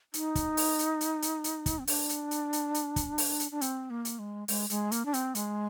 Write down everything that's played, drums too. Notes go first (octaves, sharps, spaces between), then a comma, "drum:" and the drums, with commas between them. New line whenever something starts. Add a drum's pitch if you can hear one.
D#4, drum: hi-hat
drum: kick, hi-hat
drum: open hi-hat
drum: hi-hat
drum: hi-hat
drum: hi-hat
drum: hi-hat
drum: kick, hi-hat
C4
D4, drum: open hi-hat
drum: hi-hat
drum: hi-hat
drum: hi-hat
drum: hi-hat
drum: kick, hi-hat
drum: open hi-hat
drum: hi-hat
D4
C4, drum: hi-hat
A#3
drum: hi-hat
G#3
G#3, drum: open hi-hat
G#3, drum: hi-hat
A#3, drum: hi-hat
D4
C4, drum: hi-hat
G#3, drum: hi-hat